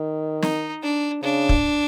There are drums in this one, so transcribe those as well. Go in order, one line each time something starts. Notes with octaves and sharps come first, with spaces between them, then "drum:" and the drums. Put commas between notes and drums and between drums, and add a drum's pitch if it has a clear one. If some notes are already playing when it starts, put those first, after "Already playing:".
Already playing: D#3
D#4, drum: snare
D4
C#3 D4
drum: kick